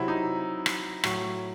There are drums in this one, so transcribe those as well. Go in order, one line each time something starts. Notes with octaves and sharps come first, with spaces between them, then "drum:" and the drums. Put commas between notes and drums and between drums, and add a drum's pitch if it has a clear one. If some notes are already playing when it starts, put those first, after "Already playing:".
Already playing: C3 F#3 E4
D#4
drum: rim click
A2 F#3, drum: rim click